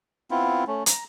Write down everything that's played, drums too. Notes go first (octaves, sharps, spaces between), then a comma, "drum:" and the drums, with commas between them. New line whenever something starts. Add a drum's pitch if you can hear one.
B3 C4 E4 F4
A3 C#4
A#5, drum: hi-hat